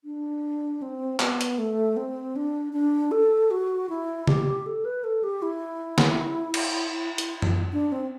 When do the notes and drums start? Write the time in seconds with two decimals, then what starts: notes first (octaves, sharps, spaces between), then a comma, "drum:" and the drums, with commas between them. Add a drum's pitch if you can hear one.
0.04 D4
0.82 C4
1.20 B3, drum: clap
1.41 drum: hi-hat
1.58 A3
1.97 C4
2.36 D4
2.73 D4
3.11 A4
3.51 F#4
3.89 E4
4.27 G4, drum: tom C3
4.66 A4
4.85 B4
5.04 A4
5.23 G4
5.42 E4
5.98 drum: snare
6.54 drum: cymbal
7.18 drum: hi-hat
7.42 drum: tom F#2
7.73 D4
7.92 C4